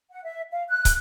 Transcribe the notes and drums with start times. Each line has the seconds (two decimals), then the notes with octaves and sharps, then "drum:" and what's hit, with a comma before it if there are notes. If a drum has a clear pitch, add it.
0.11 F#5
0.25 E5
0.52 F5
0.69 F#6
0.85 drum: kick, hi-hat